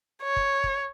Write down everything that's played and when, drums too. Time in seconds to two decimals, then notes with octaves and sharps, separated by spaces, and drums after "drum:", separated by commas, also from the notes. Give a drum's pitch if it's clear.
0.23 C#5
0.36 drum: kick
0.64 drum: kick